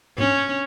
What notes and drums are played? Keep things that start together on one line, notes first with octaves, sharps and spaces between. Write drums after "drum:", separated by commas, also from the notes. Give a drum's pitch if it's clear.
C#4, drum: tom G#2